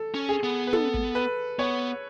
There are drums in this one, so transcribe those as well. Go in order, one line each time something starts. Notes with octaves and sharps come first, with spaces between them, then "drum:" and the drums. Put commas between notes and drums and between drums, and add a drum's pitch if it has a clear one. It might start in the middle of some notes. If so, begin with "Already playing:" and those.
Already playing: A4
C#4
G#4
B3
B4
A4, drum: tom
drum: kick
B4
B3 C#5